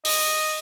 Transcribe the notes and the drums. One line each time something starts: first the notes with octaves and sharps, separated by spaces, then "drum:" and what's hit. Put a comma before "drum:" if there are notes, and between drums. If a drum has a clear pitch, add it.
D#5, drum: open hi-hat